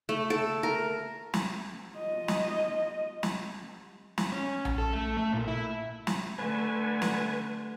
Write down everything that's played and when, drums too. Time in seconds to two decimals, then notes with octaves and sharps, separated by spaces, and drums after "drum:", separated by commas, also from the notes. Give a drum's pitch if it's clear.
0.09 A3
0.30 A4
0.63 A#4
1.34 drum: snare
1.97 F4 D#5
2.28 drum: snare
3.23 drum: snare
4.18 drum: snare
4.32 C#4
4.65 drum: tom A#1
4.78 A4
4.93 A3
5.17 A3
5.32 A#2
5.48 E4
6.07 drum: snare
6.38 D3 A3 B4 G#5
7.02 drum: snare